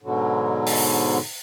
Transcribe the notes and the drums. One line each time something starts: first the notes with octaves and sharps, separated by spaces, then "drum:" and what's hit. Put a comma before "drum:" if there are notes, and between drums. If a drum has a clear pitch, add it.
G#2 B2 D3 F#3
drum: open hi-hat